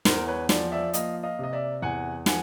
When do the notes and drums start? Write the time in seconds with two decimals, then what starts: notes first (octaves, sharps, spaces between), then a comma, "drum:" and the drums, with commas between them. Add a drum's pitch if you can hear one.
0.05 E2 A#4 C5, drum: snare
0.27 B4 C#5
0.49 F3 C5 D5, drum: snare
0.72 D5 E5
0.93 A#3 D#5 F5, drum: hi-hat
1.23 D#5 F5
1.39 C3 D#5
1.53 D5 E5
1.82 E2 F#5 G#5
2.26 F3 F#5 G#5, drum: snare